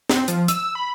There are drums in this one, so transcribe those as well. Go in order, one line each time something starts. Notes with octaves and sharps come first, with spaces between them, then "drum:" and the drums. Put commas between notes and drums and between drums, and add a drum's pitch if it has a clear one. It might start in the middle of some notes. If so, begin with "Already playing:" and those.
C4, drum: snare
F3, drum: hi-hat
E6, drum: hi-hat
B5